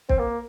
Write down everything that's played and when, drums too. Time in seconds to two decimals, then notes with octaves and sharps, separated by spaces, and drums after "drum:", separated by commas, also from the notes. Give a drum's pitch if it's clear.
0.09 C4, drum: kick
0.19 A#3